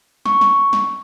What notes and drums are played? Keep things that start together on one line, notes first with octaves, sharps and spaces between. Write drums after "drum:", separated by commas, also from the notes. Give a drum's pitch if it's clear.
C#6, drum: snare
drum: snare
drum: snare